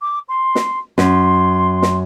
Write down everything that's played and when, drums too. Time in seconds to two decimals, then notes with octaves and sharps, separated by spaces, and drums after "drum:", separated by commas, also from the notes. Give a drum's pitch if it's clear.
0.01 D6
0.28 C6
0.55 drum: snare
0.98 F#2 C6, drum: snare
1.82 drum: snare